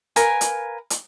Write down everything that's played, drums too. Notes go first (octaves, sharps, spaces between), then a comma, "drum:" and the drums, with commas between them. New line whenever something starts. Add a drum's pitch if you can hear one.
A#4 B4 F5 G#5, drum: hi-hat
drum: hi-hat
drum: hi-hat